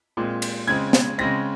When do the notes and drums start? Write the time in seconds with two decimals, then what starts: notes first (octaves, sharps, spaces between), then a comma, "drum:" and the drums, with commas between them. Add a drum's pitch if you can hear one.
0.17 A#2 G#3 C4
0.42 drum: cymbal
0.68 C#3 G#3 C4 G#6
0.93 drum: snare
1.18 C#3 G#3 C4 A#6